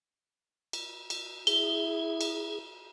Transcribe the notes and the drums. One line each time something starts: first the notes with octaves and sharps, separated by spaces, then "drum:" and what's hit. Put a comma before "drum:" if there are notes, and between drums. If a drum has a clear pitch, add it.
drum: cymbal
drum: cymbal
E4 G#4 G7, drum: cymbal
drum: cymbal